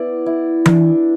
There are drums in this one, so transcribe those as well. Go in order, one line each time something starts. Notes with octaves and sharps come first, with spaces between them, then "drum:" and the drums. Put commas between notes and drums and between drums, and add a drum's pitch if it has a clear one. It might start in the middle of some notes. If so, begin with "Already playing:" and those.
Already playing: B3 E4 D5
E4
D4, drum: tom E3